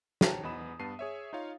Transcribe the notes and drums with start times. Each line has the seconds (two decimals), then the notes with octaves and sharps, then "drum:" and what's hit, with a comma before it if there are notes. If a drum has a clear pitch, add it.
0.21 C#5 G5 A5 A#5, drum: snare
0.43 E2 B3 D#5 B5 D#6 E7
0.79 G2 B3 A5 C7 D#7
0.99 G#4 C#5 E5
1.33 D#4 F4 C#5 F5